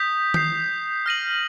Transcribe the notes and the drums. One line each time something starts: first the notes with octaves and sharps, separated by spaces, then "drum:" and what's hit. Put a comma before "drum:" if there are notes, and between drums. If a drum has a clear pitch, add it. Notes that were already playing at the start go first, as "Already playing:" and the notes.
Already playing: D#6 G6 B6
D#6 G6 C7, drum: tom D#3
F6 A#6 D#7 F#7